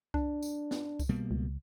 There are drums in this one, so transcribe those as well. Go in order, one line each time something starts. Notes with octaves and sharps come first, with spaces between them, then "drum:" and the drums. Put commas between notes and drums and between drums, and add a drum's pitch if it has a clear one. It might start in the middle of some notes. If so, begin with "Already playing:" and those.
D4, drum: kick C2
drum: tambourine
drum: snare
drum: kick C2, tambourine
B2 G3 A#3
C#2